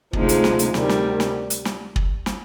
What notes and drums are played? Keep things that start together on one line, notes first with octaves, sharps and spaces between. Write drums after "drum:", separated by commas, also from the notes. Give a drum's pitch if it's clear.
D2 C3 F3 G#3 D#4, drum: kick
drum: hi-hat
drum: snare
drum: hi-hat
D2 C3 D#3 G3, drum: snare
drum: snare
drum: snare
drum: hi-hat
drum: snare
drum: kick
drum: snare